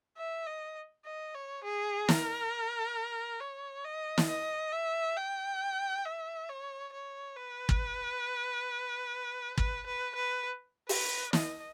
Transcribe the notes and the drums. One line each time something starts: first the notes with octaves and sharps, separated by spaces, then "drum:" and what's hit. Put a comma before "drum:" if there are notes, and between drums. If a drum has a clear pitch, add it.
E5
D#5
D#5
C#5
G#4
A#4, drum: snare
C#5
D#5
drum: snare
D#5
E5
G5
E5
C#5
C#5
B4
drum: kick
B4, drum: kick
B4
B4
B4, drum: open hi-hat
D#5, drum: snare